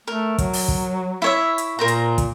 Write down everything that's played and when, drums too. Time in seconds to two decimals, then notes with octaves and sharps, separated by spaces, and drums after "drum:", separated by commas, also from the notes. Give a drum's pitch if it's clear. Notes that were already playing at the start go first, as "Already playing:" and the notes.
0.07 A3 A#4
0.38 F#3, drum: kick, hi-hat
0.53 drum: open hi-hat
0.68 drum: kick
1.22 E4 C#5 E5
1.58 drum: hi-hat
1.79 A#2 A#4 C5 A#5
1.88 drum: hi-hat
2.18 drum: kick, hi-hat